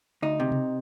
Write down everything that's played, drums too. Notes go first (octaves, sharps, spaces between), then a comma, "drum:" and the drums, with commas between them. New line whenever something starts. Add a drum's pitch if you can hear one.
D2 D#4
C3
drum: tom C3